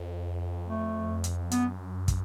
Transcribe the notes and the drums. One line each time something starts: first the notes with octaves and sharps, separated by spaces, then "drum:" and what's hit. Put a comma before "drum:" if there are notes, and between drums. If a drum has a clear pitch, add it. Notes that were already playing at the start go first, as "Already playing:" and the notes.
Already playing: F2
A3
drum: hi-hat
F#2 B3, drum: hi-hat
drum: kick, hi-hat